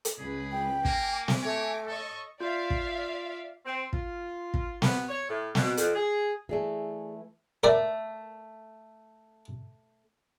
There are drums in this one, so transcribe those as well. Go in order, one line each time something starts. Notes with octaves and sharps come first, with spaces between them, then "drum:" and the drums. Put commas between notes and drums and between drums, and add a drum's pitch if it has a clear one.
drum: hi-hat
C#2 G#4 B4 B5
G5
A#3 G#5 D6 A#6, drum: kick
drum: snare
A3 C#5
A4 C#5 D#5 C#6
F4 D5 E5 F5
drum: kick
C4
F4, drum: kick
drum: kick
B3, drum: snare
C#5
A2
B2, drum: snare
F2, drum: hi-hat
G#4
E3 A3 G#4 D5 G#5
A3 A#4 D5 E5